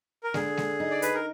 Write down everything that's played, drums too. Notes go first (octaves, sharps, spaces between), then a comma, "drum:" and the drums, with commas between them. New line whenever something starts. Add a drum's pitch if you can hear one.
A#4
D3 G#4, drum: snare G#3
drum: snare G#3
D#4
D5
B4, drum: hi-hat
A#4